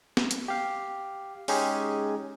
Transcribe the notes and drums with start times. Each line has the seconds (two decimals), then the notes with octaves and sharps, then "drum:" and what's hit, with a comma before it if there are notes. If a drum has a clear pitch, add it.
0.17 drum: snare
0.31 drum: hi-hat
0.48 G4 F5
1.48 G#3 C#4 D#4 G4 G#4, drum: open hi-hat